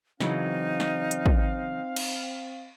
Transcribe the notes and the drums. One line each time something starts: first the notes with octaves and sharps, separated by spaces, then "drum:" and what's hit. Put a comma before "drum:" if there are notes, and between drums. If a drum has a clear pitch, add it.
C#3 E3 F#3 C4 D#4 F5, drum: snare
drum: snare
drum: hi-hat
drum: kick
drum: cymbal